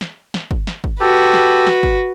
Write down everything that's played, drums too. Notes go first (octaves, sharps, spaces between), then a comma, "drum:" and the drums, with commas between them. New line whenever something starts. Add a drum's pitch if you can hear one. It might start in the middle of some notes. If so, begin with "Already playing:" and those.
drum: snare
drum: snare
drum: kick
drum: snare
drum: kick
F#4 G4 A4 B4
drum: snare
drum: snare
drum: kick